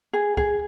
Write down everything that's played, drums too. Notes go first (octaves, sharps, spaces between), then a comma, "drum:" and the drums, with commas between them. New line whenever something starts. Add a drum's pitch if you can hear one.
G#4
G#4, drum: kick